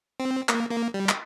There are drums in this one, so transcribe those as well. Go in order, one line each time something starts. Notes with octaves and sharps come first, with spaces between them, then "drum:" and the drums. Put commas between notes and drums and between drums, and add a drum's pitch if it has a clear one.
C4
A#3, drum: clap
A#3
G3
drum: clap